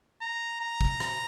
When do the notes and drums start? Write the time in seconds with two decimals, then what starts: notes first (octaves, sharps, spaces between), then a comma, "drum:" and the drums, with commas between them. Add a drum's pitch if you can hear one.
0.21 A#5
0.61 A#5
0.81 drum: kick
1.00 drum: rim click